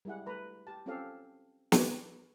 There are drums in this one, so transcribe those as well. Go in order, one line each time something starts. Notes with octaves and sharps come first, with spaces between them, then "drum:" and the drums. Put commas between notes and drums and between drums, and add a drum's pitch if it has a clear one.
G3 G#3 E4 G#4 F#5
A3 B4 A#5
G4 A5
C4 C#4 F4 G4 A4 F5
B4 C#5 D5, drum: snare